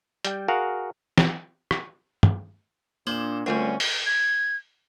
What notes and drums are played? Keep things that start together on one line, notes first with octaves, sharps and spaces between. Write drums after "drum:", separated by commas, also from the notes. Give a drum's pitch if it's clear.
G3 G5, drum: hi-hat
F#4 G#4 A#4 F5 F#5
drum: snare
drum: rim click
drum: tom
A#2 A#3 D4 C5 E7
D2 G3 A3 C4 C#4 F4 A#4 D5
drum: open hi-hat
G#6